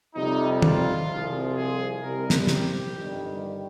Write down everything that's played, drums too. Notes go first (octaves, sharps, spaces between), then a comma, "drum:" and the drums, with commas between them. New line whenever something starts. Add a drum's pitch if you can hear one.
F2 C3 G3 D#4
F4, drum: tom
C2 C3 F3 G#3
G#4
C2 C3 G3 A#4
drum: snare
G4, drum: snare
G1 G2 D#3 G3